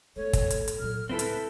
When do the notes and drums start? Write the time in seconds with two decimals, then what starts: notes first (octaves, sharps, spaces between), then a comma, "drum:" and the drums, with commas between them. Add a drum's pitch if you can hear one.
0.16 A3 B3 A4 C#5
0.33 drum: kick, hi-hat
0.50 drum: hi-hat
0.68 drum: hi-hat
0.79 A#2 F#3 F6
1.09 C#2 A2 C4 E4 A4 B4
1.19 drum: hi-hat